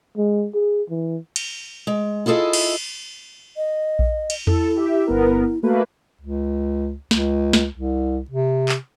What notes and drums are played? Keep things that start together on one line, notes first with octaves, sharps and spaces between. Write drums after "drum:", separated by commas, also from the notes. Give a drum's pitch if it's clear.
G#3
G#4
E3
drum: cymbal
G#3
E4 F4 G#4 A4 D#5
drum: cymbal
D#5
drum: kick A#1
drum: cymbal
E4 A4, drum: tom E2
G4 E5
G1 B3 A#4
A3 A#3 F#4 B4
C#2
C#2, drum: snare
drum: snare
C2
C3
drum: clap